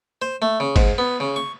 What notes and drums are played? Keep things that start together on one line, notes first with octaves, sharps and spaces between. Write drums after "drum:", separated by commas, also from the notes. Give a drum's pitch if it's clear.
C5
A3
C#3
G#2, drum: kick, cymbal
B3
C#3
C#6